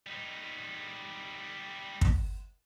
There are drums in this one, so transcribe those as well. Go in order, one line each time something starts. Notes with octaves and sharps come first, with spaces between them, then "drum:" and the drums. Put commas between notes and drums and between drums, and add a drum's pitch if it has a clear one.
G3 D#4
drum: kick